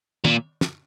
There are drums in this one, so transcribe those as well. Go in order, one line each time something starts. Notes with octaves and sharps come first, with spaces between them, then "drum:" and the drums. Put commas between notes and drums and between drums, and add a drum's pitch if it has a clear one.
A#2, drum: tom
drum: snare